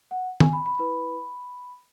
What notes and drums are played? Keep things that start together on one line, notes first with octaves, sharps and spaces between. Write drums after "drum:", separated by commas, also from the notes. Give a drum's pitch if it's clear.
F#5
G#5, drum: tom D#3
B5
B5
E4 B4 B5